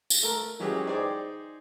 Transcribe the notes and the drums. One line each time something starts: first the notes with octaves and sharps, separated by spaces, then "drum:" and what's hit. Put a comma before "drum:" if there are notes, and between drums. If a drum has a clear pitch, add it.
drum: tambourine
A3 A#4
E3 F#3 G#3 C#4 G4 G#4
D#4 G#4 C5 D5 G5